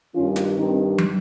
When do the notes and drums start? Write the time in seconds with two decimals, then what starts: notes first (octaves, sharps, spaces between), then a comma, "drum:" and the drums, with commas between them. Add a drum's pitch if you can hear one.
0.15 G2 D#3 C#4 F4
0.36 drum: snare
0.57 G2 D#3 C4 D#4
0.98 drum: tom